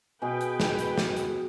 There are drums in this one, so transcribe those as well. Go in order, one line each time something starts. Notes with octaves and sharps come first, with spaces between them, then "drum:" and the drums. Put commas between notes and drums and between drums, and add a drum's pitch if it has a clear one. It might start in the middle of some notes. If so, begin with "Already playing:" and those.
B2 G#4 B4 G5 G#5
drum: hi-hat
drum: snare
drum: hi-hat
drum: snare
drum: hi-hat